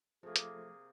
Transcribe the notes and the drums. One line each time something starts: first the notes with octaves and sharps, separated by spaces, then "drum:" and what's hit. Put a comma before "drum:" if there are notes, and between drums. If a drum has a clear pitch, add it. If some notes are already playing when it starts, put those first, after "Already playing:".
C3 F3 A3 A#3 G#4 A4
drum: hi-hat